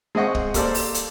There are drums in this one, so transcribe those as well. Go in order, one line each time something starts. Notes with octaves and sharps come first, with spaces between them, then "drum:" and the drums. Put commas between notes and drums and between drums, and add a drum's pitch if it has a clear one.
G#3 C4 G#4 D#5 F#5 C#6
drum: kick
A#3 G4 A4 C5 D5, drum: kick, hi-hat
drum: open hi-hat
drum: hi-hat